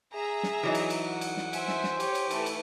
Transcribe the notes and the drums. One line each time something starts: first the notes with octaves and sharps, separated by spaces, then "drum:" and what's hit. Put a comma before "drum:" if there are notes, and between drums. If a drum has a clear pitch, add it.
G#4 E5 A#5
drum: snare
E3 F#3 D#4
drum: cymbal
drum: cymbal
F#5
drum: cymbal
drum: snare
C5 E5 G#5, drum: cymbal
drum: snare
drum: snare
G4 C#5, drum: cymbal
drum: cymbal
E3 A3, drum: cymbal
drum: cymbal